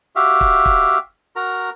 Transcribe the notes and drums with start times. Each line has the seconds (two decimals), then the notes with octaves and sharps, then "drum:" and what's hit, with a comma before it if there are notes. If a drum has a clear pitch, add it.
0.16 F#4 G4 E5 F5
0.41 drum: kick
0.65 drum: kick
1.36 F#4 A#4 A#5